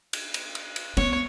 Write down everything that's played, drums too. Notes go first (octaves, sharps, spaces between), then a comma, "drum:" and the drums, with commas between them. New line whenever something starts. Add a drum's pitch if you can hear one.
drum: cymbal
drum: cymbal
drum: cymbal
drum: cymbal
B3 C#5, drum: cymbal